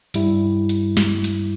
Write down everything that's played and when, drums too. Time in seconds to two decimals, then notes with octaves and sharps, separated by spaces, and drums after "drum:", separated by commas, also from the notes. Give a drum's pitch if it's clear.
0.14 G2 G3 E4, drum: hi-hat
0.69 drum: hi-hat
0.97 drum: snare
1.24 drum: hi-hat